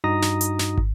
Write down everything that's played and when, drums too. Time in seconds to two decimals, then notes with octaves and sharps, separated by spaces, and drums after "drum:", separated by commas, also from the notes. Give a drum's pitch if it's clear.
0.04 G2 D#4 F#4 A#5 D#6 A#6
0.22 drum: snare
0.41 drum: hi-hat
0.59 drum: snare
0.78 drum: kick